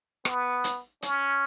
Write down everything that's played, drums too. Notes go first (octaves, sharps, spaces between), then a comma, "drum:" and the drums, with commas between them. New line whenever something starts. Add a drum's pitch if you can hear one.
B3, drum: rim click
drum: hi-hat
C#4, drum: hi-hat